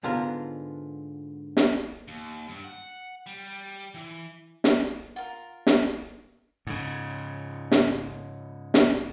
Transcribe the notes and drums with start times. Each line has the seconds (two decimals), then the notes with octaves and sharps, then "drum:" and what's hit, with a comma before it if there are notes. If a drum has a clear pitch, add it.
0.03 G#2 D3 B3 F4 A#4
1.57 drum: snare
2.08 D#2
2.48 G2
2.64 F#5
3.26 G3
3.95 E3
4.64 drum: snare
5.16 F4 A#4 F#5
5.67 drum: snare
6.67 G#2 C#3
7.72 drum: snare
8.74 drum: snare